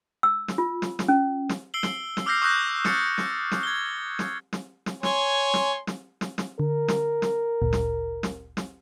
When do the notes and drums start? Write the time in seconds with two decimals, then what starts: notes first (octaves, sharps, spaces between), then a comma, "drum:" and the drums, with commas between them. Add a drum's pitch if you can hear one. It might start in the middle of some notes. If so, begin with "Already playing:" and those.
0.23 E6
0.48 drum: snare
0.58 F4
0.82 drum: snare
0.99 drum: snare
1.08 C#4
1.49 drum: snare
1.74 E6 C7 D7 F#7 G7
1.83 drum: snare
2.17 drum: snare
2.26 D6 E6 F6 G6 A#6 C7
2.42 C#6 D#6 E6 F#6 G6 A#6
2.85 F6 A6 C7 C#7, drum: snare
3.18 drum: snare
3.52 drum: snare
3.63 G#6 G7
4.19 drum: snare
4.53 drum: snare
4.86 drum: snare
5.03 C#5 G#5 C6, drum: snare
5.54 drum: snare
5.87 drum: snare
6.21 drum: snare
6.38 drum: snare
6.59 D3 A#4
6.88 drum: snare
7.22 drum: snare
7.62 G#1 D2 A#2
7.73 drum: snare
8.23 drum: snare
8.57 drum: snare